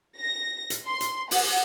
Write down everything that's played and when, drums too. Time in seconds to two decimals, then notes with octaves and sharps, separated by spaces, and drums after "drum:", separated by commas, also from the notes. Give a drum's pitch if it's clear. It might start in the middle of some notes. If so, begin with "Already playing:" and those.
0.20 A#6
0.70 drum: hi-hat
0.87 C6
1.01 drum: hi-hat
1.31 F#5, drum: open hi-hat